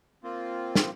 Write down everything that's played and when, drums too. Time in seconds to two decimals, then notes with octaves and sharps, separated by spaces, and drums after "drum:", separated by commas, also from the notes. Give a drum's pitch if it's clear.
0.23 A#3 C4 F4
0.75 drum: snare